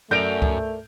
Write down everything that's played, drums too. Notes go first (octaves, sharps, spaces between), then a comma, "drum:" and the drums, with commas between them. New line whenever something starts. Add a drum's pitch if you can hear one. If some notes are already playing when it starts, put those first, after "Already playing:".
F#2 A3 A#4 D5 G6 D7 F7
drum: kick C#2